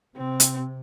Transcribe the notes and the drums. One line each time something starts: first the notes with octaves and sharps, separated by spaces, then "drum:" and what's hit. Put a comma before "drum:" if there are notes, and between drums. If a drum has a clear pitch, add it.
C3 C4
drum: hi-hat